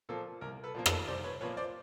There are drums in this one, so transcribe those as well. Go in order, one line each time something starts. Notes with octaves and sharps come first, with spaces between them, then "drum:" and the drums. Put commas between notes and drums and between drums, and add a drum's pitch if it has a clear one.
A#2 F3 A#3 A4
C2 A#4
A4 B4
A#2 F3 A#3
A4 B4, drum: rim click
C2 C5 D5
B4 C#5
A#2 F3 A#3 B4 C#5
C5 D5